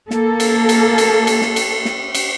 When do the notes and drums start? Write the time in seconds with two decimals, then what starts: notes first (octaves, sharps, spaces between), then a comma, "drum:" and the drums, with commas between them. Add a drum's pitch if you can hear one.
0.11 A#3 A4, drum: snare
0.40 drum: cymbal
0.69 drum: cymbal
0.98 drum: cymbal
1.27 drum: cymbal
1.42 drum: snare
1.56 drum: cymbal
1.85 drum: snare
2.15 drum: cymbal